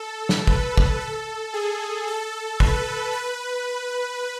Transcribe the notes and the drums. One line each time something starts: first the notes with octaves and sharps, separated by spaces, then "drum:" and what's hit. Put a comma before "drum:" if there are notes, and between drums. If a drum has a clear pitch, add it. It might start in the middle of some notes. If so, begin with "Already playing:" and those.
Already playing: A4
drum: snare
B4, drum: kick
drum: kick
A4
G#4
A4
B4, drum: kick
B4